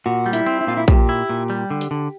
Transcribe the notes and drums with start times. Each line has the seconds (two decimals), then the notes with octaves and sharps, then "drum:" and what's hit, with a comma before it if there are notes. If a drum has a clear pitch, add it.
0.06 A#2 F#4
0.26 G3
0.33 E4, drum: hi-hat
0.46 C4
0.61 E4
0.67 A#2 F4
0.77 E4
0.88 A#2 G4, drum: kick A#1
1.09 E4
1.29 A#2
1.50 G3
1.71 D3
1.81 drum: hi-hat
1.91 D3